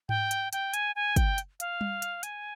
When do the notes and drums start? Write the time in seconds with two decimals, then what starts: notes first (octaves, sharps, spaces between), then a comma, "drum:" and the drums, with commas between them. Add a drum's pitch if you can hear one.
0.09 G5, drum: tom G#2
0.31 drum: hi-hat
0.53 G5, drum: hi-hat
0.74 G#5, drum: hi-hat
0.96 G#5
1.16 G5, drum: kick, hi-hat
1.38 drum: hi-hat
1.60 F5, drum: hi-hat
1.81 drum: tom G3
2.02 drum: hi-hat
2.23 G#5, drum: hi-hat